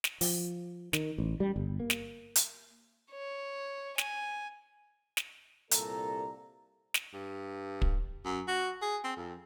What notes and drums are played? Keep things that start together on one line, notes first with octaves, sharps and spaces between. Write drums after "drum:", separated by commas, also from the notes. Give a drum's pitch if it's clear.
drum: snare
F3, drum: open hi-hat
D#3, drum: snare
A1
G3
G1
A#3
drum: snare
drum: hi-hat
C#5
G#5, drum: snare
drum: snare
C2 A#2 A4 A#5, drum: hi-hat
drum: snare
G2
drum: kick
F#2
F#4
G#4
C4
F2